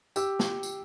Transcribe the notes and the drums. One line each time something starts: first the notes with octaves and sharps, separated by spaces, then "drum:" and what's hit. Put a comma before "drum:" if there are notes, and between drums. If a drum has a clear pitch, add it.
G4 E6, drum: tambourine
drum: snare
drum: tambourine